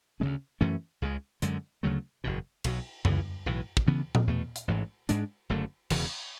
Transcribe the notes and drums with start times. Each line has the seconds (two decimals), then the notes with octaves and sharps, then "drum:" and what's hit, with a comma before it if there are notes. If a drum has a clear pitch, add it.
0.20 D2 C#3 G#3 C#4
0.61 F#2 E3 A3 C#4
1.02 C#2 C#3 G#3
1.42 F#2 D3 G#3, drum: hi-hat
1.83 D2 C#3 F#3 A3
2.24 F#1 E2 B2
2.64 B1 B2 F#3, drum: cymbal
3.05 C#2 C#3 E3, drum: tom F#2
3.46 B1 A2 E3
3.77 drum: kick
3.87 D2 C#3 E3 B3
4.15 drum: tom A#2
4.27 E2 B2 A3
4.56 drum: hi-hat
4.68 A1 G#2 E3
5.09 G#2 G#3 D4, drum: hi-hat
5.49 F#1 F#2 D3 A3
5.90 E1 E2 C#3 E3, drum: cymbal